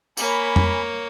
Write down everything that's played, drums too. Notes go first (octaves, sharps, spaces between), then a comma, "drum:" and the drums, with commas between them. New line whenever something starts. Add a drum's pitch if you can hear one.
A#3 C#5 G#5 B5, drum: tambourine
drum: tom F2